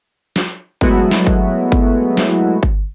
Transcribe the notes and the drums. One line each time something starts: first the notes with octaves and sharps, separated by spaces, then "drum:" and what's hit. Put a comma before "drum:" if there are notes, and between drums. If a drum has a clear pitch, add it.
drum: snare
F#3 G#3 A3 B3 E4 F#4, drum: kick G1
drum: snare
drum: kick G1
drum: kick G1
drum: snare
drum: kick G1